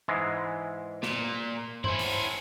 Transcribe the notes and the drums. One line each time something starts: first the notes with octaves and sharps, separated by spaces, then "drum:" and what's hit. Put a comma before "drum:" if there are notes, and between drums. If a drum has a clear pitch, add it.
G#2 E3 G#3
A#2, drum: snare
C#4 E4 C5, drum: tom G2
drum: open hi-hat